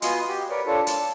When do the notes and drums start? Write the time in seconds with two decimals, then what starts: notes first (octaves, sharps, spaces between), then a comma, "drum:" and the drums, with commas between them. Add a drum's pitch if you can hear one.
0.02 B3 F4 F#4 D#5 G#5 C6, drum: hi-hat
0.29 F#4 G4
0.50 A#4 B4 C#5 D5
0.66 D4 F4 A4 C#5
0.87 A5, drum: hi-hat